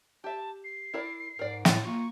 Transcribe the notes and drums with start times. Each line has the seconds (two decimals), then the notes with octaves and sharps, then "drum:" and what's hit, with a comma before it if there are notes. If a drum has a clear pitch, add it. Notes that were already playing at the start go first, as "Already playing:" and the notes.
0.24 G4 E5 A5
0.64 C7
0.94 E4 A#4 D5
1.39 G#2 A#4 D5
1.65 A2 A6, drum: snare
1.85 A#3 F4 C#6